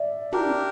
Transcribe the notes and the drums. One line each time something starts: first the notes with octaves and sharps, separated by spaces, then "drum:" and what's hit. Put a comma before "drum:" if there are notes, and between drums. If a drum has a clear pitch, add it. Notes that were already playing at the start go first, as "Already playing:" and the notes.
Already playing: D5 E5
D4 G4 A#4, drum: tom